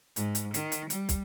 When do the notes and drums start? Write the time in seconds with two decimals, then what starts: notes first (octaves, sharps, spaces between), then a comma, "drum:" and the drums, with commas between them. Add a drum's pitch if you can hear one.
0.16 G#2, drum: hi-hat
0.35 drum: hi-hat
0.54 D#3, drum: hi-hat
0.72 drum: hi-hat
0.90 G3, drum: hi-hat
1.09 drum: kick, hi-hat